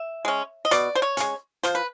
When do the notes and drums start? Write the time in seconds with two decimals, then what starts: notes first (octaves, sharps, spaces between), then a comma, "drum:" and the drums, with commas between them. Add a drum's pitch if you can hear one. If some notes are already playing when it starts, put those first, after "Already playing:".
Already playing: E5
0.25 G#3 C#4
0.65 D#5
0.71 B2 D5, drum: hi-hat
0.95 C5
1.02 C#5
1.17 G#3 C#4, drum: hi-hat
1.63 F3 C5, drum: hi-hat
1.75 B4